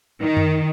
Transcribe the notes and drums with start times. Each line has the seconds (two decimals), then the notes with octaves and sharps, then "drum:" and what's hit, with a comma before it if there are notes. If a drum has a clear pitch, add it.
0.19 D#3
0.37 drum: tom F#2